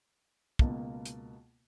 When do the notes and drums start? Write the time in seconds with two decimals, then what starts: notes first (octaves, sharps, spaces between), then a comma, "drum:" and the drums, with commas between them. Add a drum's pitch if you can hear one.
0.59 C#2 B2 A#3 A5, drum: kick
1.06 drum: hi-hat